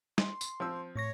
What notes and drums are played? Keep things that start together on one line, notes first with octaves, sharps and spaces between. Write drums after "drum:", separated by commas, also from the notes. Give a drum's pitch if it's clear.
C6, drum: snare
drum: tambourine
F3 C4 E6
A2 C#5 C#6 A#6